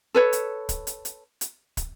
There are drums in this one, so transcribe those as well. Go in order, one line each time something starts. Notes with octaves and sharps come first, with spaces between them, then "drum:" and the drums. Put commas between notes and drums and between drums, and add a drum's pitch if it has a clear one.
A4 B4 C#5
drum: hi-hat
drum: kick, hi-hat
drum: hi-hat
drum: hi-hat
drum: hi-hat
drum: kick, hi-hat